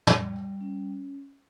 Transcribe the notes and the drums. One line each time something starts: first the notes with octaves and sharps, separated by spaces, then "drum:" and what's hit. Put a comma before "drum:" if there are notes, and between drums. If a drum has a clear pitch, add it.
G3, drum: tom
G3
C#4